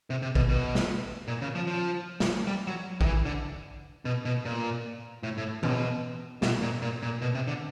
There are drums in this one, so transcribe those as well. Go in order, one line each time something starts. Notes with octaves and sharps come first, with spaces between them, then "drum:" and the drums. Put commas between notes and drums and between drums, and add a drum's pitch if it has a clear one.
C3
C3
B2, drum: kick
B2
drum: snare
A#2
C#3
F3
F3
drum: snare
G3
F#3
D#3, drum: kick
E3
D3
B2
B2
A#2
A2
A2
B2, drum: tom E3
B2, drum: snare
A#2
A#2
A#2
B2
C3
D3